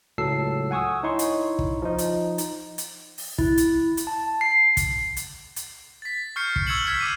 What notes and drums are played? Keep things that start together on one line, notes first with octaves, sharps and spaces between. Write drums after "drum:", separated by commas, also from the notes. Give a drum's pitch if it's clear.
C#2 A2 F#3 A4 E6 C7
F#5 G#5 C#6 D#6 E6
D#4 E4 C#5 C6 C#6
drum: hi-hat
drum: kick
F3 D#4
drum: hi-hat
drum: hi-hat
drum: hi-hat
drum: open hi-hat
E4, drum: kick
drum: hi-hat
drum: hi-hat
A5
C7
drum: kick, hi-hat
drum: hi-hat
drum: hi-hat
A6 B6
C#6 F6 G6 C7 C#7
drum: kick
C#6 E6 G#6 C#7 E7 F#7
F6 G#6 B6 C#7
D6 D#7